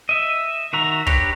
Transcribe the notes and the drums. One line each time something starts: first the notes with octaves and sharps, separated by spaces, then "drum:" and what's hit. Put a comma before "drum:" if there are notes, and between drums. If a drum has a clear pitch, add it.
D#5 E5
D#3 F#4 E5 A#5
D4 G4 B4 C#5 A#5, drum: kick